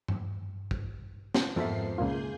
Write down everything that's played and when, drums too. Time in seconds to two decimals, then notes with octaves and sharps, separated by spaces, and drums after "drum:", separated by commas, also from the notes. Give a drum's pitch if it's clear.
0.08 drum: tom G2
0.71 drum: kick
1.34 drum: snare
1.56 F2 G#2 F3 B3 A4 A#4 E5 C7
1.98 C#2 A#2 A#3 F4 G#4 G6